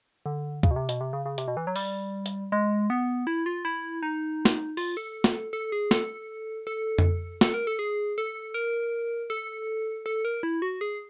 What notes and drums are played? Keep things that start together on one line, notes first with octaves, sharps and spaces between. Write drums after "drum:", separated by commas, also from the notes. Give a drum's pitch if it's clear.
D3
C#3, drum: kick
B2
C3
B2, drum: hi-hat
C3
C#3
C#3
C3, drum: hi-hat
B2
E3
F#3
G3, drum: open hi-hat
drum: hi-hat
G#3
B3
E4
F4
E4
D#4
drum: snare
F4, drum: open hi-hat
A4
drum: snare
A4
G#4
A4, drum: snare
A4
drum: tom F2
A4, drum: snare
A#4
A4
G#4
A4
A#4
A4
A4
A#4
E4
F#4
G#4